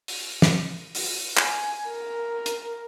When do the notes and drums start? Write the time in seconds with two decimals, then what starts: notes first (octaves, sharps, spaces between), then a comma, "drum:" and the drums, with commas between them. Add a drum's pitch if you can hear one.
0.08 drum: open hi-hat
0.42 drum: snare
0.95 drum: open hi-hat
1.37 G#5, drum: clap
1.89 A#4
2.46 drum: hi-hat